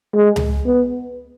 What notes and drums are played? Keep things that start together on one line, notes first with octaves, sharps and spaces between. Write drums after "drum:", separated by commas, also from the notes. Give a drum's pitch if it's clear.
G#3
drum: tom C#2
B3